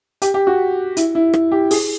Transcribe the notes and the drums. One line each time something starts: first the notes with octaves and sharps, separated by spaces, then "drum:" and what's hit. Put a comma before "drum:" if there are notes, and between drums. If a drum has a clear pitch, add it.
G4, drum: hi-hat
G4
F#4
E4, drum: hi-hat
E4
drum: rim click
G4
G#4, drum: open hi-hat